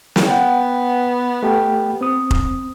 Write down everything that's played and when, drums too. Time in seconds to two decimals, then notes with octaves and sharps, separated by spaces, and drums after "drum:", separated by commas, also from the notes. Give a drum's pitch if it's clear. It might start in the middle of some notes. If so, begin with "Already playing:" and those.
0.16 drum: snare
0.26 B3 F#5 G5
1.43 A3 G4 G5
2.01 C4 D#6
2.31 drum: kick F1